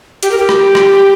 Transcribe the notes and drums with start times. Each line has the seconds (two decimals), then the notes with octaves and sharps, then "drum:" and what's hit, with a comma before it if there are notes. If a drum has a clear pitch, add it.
0.23 G4, drum: hi-hat
0.31 A#4
0.38 G4
0.49 drum: rim click
0.75 drum: rim click